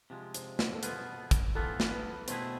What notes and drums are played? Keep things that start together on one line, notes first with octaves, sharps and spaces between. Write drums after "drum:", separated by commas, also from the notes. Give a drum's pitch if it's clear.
C3 F3 G#3
C5, drum: hi-hat
C5, drum: snare
A4
B2 B3 F4 G#4 B4, drum: hi-hat
drum: kick, hi-hat
A2 E3 B3 F4 A4
drum: snare
B4
B2 A3 C4 E4 G#4 C5, drum: hi-hat